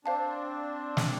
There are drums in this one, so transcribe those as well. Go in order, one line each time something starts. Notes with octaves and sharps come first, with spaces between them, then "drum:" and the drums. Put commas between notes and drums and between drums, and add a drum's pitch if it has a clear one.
C4 D4 C5 F5 A5
drum: snare